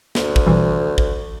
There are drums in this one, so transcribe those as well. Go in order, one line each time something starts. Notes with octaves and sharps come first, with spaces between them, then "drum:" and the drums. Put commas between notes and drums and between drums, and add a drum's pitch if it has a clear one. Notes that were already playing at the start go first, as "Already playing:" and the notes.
D2, drum: snare
drum: kick
B2 E3 G3
drum: kick